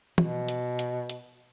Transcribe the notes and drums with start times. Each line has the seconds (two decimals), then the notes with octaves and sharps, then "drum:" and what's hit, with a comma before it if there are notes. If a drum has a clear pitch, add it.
0.18 B2, drum: tom E3
0.48 drum: hi-hat
0.79 drum: hi-hat
1.10 drum: hi-hat